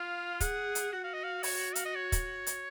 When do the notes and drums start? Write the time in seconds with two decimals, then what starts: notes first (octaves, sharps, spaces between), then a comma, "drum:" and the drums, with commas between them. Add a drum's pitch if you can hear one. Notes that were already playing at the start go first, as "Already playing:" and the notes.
Already playing: F4 F5
0.40 G#4 F#5, drum: kick, hi-hat
0.75 drum: hi-hat
0.93 F#4 F#5
1.03 F5
1.14 D#5
1.24 F5
1.43 C#5, drum: open hi-hat
1.75 F5, drum: hi-hat
1.85 D#5
1.95 C#5
2.12 drum: kick, hi-hat
2.47 drum: hi-hat